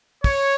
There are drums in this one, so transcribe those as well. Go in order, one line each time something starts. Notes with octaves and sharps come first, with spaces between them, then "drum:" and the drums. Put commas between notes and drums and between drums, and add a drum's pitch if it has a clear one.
C#5, drum: kick, open hi-hat